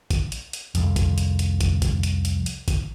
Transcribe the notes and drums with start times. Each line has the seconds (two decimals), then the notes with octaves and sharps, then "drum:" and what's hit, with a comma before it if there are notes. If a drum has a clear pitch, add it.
0.11 drum: kick, hi-hat
0.32 drum: hi-hat
0.53 drum: hi-hat
0.75 C2 F2, drum: hi-hat
0.96 drum: kick, hi-hat
1.18 drum: hi-hat
1.39 drum: hi-hat
1.61 drum: kick, hi-hat
1.82 drum: kick, hi-hat
2.03 drum: hi-hat
2.25 drum: hi-hat
2.46 drum: hi-hat
2.68 drum: kick, hi-hat